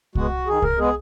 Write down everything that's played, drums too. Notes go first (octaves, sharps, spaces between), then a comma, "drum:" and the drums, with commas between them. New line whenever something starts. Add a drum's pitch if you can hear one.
G#3 B3 F#4, drum: kick C2
D#3 G#4
A#4, drum: kick C2
G#3 B3 G#4